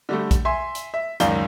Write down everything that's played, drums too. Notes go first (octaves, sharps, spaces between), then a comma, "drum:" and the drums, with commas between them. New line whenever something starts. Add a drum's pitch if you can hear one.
D3 G3 A3
drum: kick A#1, hi-hat
E5 G#5 C6
drum: hi-hat
E5
C#2 F#2 D#3 D5 F5 G7, drum: hi-hat